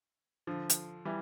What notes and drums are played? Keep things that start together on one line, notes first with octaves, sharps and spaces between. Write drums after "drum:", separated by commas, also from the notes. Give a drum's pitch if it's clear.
D3 F3
drum: hi-hat
E3 G3